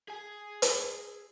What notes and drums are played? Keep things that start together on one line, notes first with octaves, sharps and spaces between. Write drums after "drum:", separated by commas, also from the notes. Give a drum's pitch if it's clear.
G#4 G#5
drum: hi-hat